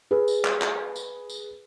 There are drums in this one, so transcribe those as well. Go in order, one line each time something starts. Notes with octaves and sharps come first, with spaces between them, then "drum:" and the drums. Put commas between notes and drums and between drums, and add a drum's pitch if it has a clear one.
G#4 B4
drum: tambourine
drum: clap
drum: clap
drum: tambourine
drum: tambourine